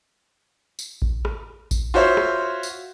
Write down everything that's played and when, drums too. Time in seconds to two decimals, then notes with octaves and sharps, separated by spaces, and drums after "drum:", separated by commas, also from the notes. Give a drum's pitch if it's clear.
0.79 drum: tambourine
1.02 drum: kick G#1
1.25 drum: rim click
1.71 drum: kick G#1, tambourine
1.94 F4 F#4 C5 C#5 E5
2.17 drum: rim click
2.63 drum: tambourine